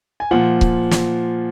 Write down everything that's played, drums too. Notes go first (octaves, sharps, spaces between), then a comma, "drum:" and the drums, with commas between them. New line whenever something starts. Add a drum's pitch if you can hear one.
G#5
A#2 F3 F#5
drum: kick C#1
drum: snare